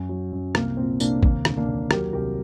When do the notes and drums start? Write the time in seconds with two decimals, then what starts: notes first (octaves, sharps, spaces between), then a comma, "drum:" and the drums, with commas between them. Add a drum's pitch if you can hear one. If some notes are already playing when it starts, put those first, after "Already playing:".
Already playing: F#2
0.09 F#3
0.32 F#2
0.55 C2 A#3, drum: rim click
0.77 A#2 C4
1.00 C2 A#3 D4, drum: tambourine
1.23 D#2 A#3, drum: kick
1.45 D3, drum: rim click
1.57 A#3 D4
1.68 D#2
1.91 F#3 G4 A#4, drum: rim click
2.13 C2 G4 A#4